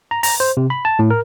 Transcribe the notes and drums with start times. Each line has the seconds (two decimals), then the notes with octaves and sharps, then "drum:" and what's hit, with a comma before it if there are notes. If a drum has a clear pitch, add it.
0.11 A#5
0.23 A#5, drum: open hi-hat
0.40 C5
0.57 C3
0.70 B5
0.85 A5
0.99 A2
1.10 A#4